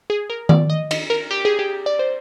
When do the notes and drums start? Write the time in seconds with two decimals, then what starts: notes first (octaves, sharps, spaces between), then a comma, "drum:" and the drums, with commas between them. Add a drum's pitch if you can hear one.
0.10 G#4
0.30 A#4
0.49 D5, drum: tom D#3
0.70 D#5
0.91 D#5, drum: cymbal
1.10 A#4
1.31 G4
1.45 G#4
1.59 G4
1.86 D5
1.99 C5